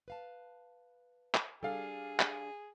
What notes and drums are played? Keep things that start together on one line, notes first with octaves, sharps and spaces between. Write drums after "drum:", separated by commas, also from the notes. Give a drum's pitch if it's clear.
B4 F5 A5
drum: clap
G3 D4 G#4 A4 F5
drum: clap